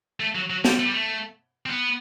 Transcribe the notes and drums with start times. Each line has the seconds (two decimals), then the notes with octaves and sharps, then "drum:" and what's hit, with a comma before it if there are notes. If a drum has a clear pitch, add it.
0.20 A3
0.35 F#3
0.50 F#3
0.65 G3, drum: snare
0.79 A3
0.87 G3
0.94 A3
1.66 C4
1.70 B3